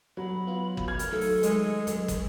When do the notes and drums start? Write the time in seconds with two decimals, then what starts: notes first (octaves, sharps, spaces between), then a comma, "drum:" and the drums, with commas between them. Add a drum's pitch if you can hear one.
0.17 F#3 B5
0.47 B3 F4
0.77 drum: kick
0.88 F6 G#6
0.99 drum: hi-hat
1.12 D#3 F#3 A3 A4
1.21 drum: open hi-hat
1.43 G#3, drum: hi-hat
1.87 F#2, drum: hi-hat
2.08 drum: kick, hi-hat